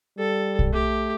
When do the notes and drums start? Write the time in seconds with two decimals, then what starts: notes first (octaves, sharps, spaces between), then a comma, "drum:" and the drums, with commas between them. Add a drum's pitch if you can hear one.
0.18 G3 A4
0.59 drum: kick
0.73 A3 G4